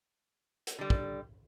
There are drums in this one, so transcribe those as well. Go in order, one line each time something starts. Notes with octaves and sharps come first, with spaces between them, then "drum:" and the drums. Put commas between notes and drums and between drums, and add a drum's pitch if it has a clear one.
drum: hi-hat
D3 G3
drum: kick